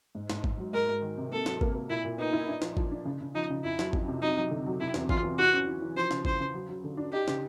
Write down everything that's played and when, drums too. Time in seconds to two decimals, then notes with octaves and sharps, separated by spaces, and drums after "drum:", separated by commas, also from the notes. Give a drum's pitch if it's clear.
0.15 G#2
0.30 G#2, drum: snare
0.44 G#2, drum: kick G#1
0.58 F#3
0.73 G#3 A#4
0.89 G#3
1.02 D#3
1.18 C3
1.32 A#3 A4
1.46 F#3, drum: snare
1.61 A#3, drum: kick G#1
1.75 A#3
1.89 A#2 E4
2.04 A#2
2.18 B3 D#4
2.33 E4
2.48 D4
2.62 F3, drum: snare
2.77 F3, drum: kick G#1
2.91 D4
3.05 C#3
3.21 C#3
3.34 F3 D#4
3.50 C#3
3.64 F2 E4
3.79 F#3, drum: snare
3.93 F2, drum: kick G#1
4.08 C3
4.22 F#3 D#4
4.37 F#3
4.50 D3
4.66 F#3
4.80 C3 E4
4.94 E2, drum: snare
5.09 E2 F4, drum: kick G#1
5.23 E2
5.38 E3 F#4
5.53 C#4
5.67 E3
5.81 E3
5.96 F3 C5
6.11 C#3, drum: snare
6.25 C#3 C5, drum: kick G#1
6.40 C#3
6.54 F#3
6.69 F#3
6.84 D3
6.97 D4
7.12 D#4 G4
7.28 C#3, drum: snare